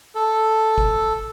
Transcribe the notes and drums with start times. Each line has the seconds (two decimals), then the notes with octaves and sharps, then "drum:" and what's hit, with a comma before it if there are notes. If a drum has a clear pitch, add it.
0.15 A4
0.78 drum: kick G1